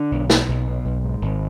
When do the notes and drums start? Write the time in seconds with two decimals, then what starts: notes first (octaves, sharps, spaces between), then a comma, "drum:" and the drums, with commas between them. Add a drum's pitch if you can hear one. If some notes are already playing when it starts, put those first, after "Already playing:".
Already playing: D3 D4
0.11 B1
0.30 B2, drum: snare
0.49 B1
0.67 B2
0.85 B1
1.04 G#2
1.22 G#1